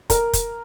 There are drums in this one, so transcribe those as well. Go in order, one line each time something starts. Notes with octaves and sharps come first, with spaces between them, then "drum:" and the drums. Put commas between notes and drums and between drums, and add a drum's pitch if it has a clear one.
A#4, drum: kick, hi-hat
drum: kick, hi-hat